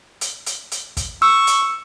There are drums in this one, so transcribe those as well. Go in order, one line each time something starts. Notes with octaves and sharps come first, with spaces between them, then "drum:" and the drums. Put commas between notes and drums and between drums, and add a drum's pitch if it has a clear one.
drum: hi-hat
drum: hi-hat
drum: hi-hat
drum: kick, hi-hat
C#6 E6
drum: hi-hat